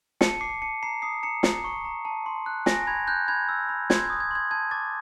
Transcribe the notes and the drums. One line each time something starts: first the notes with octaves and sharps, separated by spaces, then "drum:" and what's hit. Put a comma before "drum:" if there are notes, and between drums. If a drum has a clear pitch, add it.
A5 C#7, drum: snare
D6 C7
A5 C#7
A#5 C7
D#6 C7
A#5 C#7
A#5, drum: snare
C#6
A#5
A5
C6
F#6
G#5 A#6, drum: snare
B5 G#6
F#6 G6
B5 G#6
E6
B5
C6 G#6, drum: snare
G#6
D#6
G#6
C6 G#6
A5 G#6
D6 A6